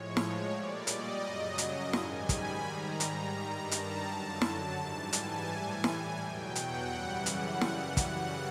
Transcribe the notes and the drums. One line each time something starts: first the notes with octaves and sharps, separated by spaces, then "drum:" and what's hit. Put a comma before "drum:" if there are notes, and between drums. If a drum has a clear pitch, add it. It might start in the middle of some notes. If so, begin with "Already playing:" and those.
Already playing: A2 F3 G#3 C#5
C#5, drum: snare
A#2 G3 D5
D#5, drum: hi-hat
F#2 C#3 F#3
drum: hi-hat
G#2 D#3 G3 G#5, drum: snare
B5, drum: kick, hi-hat
G#2 D#3 G3 A#5
drum: hi-hat
G2 D#3 G3
A5, drum: hi-hat
F#2 D3 F#3 A5
A5, drum: snare
G#2 E3 G3
G#5, drum: hi-hat
A2 E3 G3
drum: snare
E2 B2 F#3 G5
F#5, drum: hi-hat
F#2 C#3 E3 G3
drum: hi-hat
drum: snare
drum: kick, hi-hat